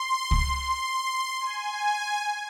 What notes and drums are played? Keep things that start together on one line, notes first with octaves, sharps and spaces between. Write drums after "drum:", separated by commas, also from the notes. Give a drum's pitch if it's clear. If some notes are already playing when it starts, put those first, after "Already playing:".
Already playing: C6
drum: kick C#2
C6
G#5